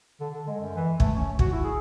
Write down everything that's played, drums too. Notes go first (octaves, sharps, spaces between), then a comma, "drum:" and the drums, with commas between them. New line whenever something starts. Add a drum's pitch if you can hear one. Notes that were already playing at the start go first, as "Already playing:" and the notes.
D3
D3
G#3
F#2
E3
A3, drum: kick
C#4
F#4, drum: kick
E4
G#4